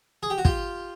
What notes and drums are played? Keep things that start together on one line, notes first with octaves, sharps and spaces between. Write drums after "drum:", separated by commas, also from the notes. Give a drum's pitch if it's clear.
G#4
G4
F#4
F4 G4, drum: kick